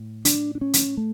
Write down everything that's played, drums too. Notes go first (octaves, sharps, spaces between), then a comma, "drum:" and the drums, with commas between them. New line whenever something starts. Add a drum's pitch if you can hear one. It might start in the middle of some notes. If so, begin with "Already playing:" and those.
Already playing: A2
D4, drum: hi-hat
D4
C#4
drum: hi-hat
A3